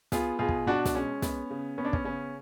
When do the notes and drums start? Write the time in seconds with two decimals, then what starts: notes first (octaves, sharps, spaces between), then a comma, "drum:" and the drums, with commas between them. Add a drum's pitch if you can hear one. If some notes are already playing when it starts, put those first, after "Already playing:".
0.12 B3 F4 G#4, drum: snare
0.39 B2 F4 G#4
0.49 drum: kick
0.66 B2 D4 F#4
0.85 drum: snare
0.95 G#3 C#4
1.22 B3, drum: snare
1.50 C#3
1.78 B3 C#4
1.85 D4
1.93 C#4, drum: kick
2.04 C#3 C#4